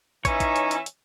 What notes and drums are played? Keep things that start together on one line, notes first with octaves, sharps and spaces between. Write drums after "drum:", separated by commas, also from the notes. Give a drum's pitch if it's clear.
E3 C#4 D#4 C#5 E5, drum: kick, hi-hat
drum: kick, hi-hat
drum: hi-hat
drum: hi-hat
drum: hi-hat